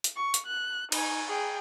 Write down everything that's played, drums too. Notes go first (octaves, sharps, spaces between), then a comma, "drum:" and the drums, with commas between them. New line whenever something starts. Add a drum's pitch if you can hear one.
drum: hi-hat
C#6
drum: hi-hat
F#6
D#4 G#5, drum: cymbal
G#4 G5